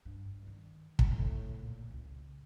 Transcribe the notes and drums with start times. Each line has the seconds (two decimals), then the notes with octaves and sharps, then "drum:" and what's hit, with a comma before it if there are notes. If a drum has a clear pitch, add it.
0.05 G2
0.47 D#3
0.99 D#3, drum: kick
1.11 A2
1.59 A#2
1.90 C#2